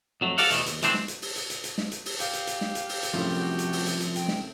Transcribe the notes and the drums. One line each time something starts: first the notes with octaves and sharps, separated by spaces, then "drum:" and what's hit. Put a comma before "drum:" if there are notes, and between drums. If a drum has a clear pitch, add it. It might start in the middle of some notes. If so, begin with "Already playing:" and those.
F2 F#3 A3
F#4 A4 D5 F5 F#5, drum: open hi-hat
E2 B2 E3 A3, drum: hi-hat
D#2, drum: hi-hat
B1 E3 A3 C4 D4 C6, drum: hi-hat
drum: snare
drum: hi-hat
drum: open hi-hat
drum: hi-hat
drum: hi-hat
drum: hi-hat
drum: snare
drum: hi-hat
drum: open hi-hat
G4 F5, drum: hi-hat
drum: hi-hat
drum: hi-hat
drum: snare
drum: hi-hat
drum: open hi-hat
drum: hi-hat
C2 F#2 A2 F3
F#4
drum: hi-hat
drum: open hi-hat
drum: hi-hat
drum: hi-hat
G5, drum: hi-hat
drum: snare